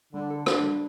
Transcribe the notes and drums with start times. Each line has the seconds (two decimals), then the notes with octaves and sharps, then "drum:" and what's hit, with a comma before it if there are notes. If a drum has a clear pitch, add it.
0.13 D3 G3
0.31 A4
0.46 D3 D4, drum: rim click
0.63 G3